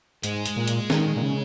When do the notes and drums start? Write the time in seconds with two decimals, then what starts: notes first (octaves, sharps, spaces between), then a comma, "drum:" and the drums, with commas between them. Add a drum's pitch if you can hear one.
0.23 G#2 G#3, drum: hi-hat
0.46 drum: hi-hat
0.57 A#2
0.68 drum: hi-hat
0.90 D#3, drum: snare
1.16 A#2
1.22 C#3